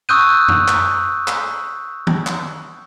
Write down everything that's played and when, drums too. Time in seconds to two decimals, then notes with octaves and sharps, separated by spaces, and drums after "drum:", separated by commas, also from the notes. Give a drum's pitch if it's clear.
0.09 C#6 D#6 E6 F#6 G6 D#7
0.48 drum: tom F#2
0.68 drum: clap
1.28 drum: clap
2.07 drum: tom D#3
2.27 drum: clap